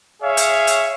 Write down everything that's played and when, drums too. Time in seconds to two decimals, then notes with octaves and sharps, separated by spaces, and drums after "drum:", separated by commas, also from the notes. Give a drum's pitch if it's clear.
0.22 G#4 C#5 E5 F5
0.37 drum: hi-hat
0.67 drum: hi-hat